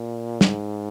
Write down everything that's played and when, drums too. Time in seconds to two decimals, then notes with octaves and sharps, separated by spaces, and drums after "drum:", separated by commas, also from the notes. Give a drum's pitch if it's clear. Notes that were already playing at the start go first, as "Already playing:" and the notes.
Already playing: A#2
0.41 G#2, drum: snare